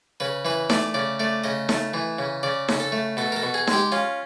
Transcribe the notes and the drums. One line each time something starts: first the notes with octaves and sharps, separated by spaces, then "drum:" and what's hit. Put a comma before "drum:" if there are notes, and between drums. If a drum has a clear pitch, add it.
C#3 B4
E3 B4
A3 D5, drum: snare D#4
C#3 D5
A3 D5
C#3 D#5
A3, drum: snare D#4
E3
C#3
C#3 D5
C#3, drum: snare D#4
A4
A3
B2 A4
A#4
A4
B2
G#4
G#3, drum: snare D#4
G4
C#4 F4